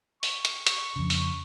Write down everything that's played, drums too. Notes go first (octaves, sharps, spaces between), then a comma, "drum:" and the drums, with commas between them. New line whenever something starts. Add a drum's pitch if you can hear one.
C#6, drum: open hi-hat
drum: hi-hat
drum: hi-hat
F2 C#3
drum: open hi-hat